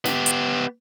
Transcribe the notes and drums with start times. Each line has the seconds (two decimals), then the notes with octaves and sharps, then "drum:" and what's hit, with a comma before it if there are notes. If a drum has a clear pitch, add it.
0.05 B3 G4, drum: snare
0.26 drum: hi-hat